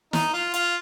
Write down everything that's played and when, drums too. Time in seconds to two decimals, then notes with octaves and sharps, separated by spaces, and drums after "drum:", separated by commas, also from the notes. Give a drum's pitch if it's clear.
0.13 D#4, drum: snare
0.33 F4
0.54 F4, drum: hi-hat